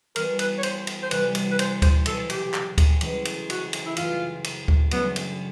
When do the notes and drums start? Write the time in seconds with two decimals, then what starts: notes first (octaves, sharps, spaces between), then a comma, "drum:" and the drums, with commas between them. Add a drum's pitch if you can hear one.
0.16 E3 G3 B3 A#4, drum: cymbal
0.39 B4, drum: cymbal
0.58 C#5
0.63 C5, drum: cymbal
0.87 drum: cymbal
1.03 C5
1.11 C2 C3 E3 G3 B4, drum: cymbal
1.35 drum: cymbal
1.51 B4
1.59 C5, drum: cymbal
1.82 C5, drum: kick D2, cymbal
2.06 C#2 B2 F#3 A4, drum: cymbal
2.30 G4, drum: cymbal
2.54 drum: clap
2.78 drum: kick D2, cymbal
3.01 E3 G#3 C#4, drum: cymbal
3.25 drum: cymbal
3.50 F#4, drum: cymbal
3.73 drum: cymbal
3.86 E4
3.97 F#2 C#3 E3 A3 F4, drum: cymbal
4.44 drum: cymbal
4.68 drum: kick D2
4.91 F#2 C#3 F#3 A3 B3 D4, drum: cymbal
5.16 drum: cymbal